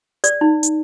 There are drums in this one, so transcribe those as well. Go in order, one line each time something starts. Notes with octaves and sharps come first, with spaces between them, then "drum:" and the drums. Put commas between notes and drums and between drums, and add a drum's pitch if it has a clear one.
D5, drum: hi-hat
D#4
drum: hi-hat